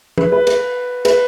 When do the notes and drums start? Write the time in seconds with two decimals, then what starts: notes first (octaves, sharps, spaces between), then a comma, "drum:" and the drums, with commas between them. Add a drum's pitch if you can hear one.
0.18 B4, drum: tom
0.32 B4
0.47 B4, drum: cymbal
1.05 B4, drum: cymbal